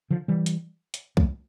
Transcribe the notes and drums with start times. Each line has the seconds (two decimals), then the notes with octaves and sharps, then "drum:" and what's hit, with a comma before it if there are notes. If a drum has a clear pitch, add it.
0.10 D3 F3
0.28 E3 G3
0.46 drum: hi-hat
0.94 drum: hi-hat
1.17 F3 A3, drum: kick